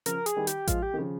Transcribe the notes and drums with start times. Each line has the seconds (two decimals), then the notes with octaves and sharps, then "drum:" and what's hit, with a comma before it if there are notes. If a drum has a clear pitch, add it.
0.06 C#3 F3 A#4, drum: hi-hat
0.26 G#4, drum: hi-hat
0.36 D#3 G3
0.47 G4, drum: hi-hat
0.67 F3 G#3 F4, drum: kick A1, hi-hat
0.83 G4
0.94 D#3
0.98 C#3 F3